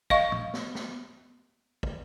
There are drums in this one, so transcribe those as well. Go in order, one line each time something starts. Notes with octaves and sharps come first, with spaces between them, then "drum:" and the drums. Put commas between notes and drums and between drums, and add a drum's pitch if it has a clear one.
D#5 F5 C#6, drum: kick
drum: tom
drum: snare
drum: snare
drum: kick